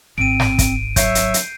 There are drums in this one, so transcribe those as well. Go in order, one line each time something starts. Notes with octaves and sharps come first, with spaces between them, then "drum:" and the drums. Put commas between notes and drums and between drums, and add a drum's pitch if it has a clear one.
G#1 C4 D7 D#7
drum: snare
drum: kick, hi-hat
F#3 C#5 E5 G6 C7, drum: kick, hi-hat
drum: hi-hat
drum: hi-hat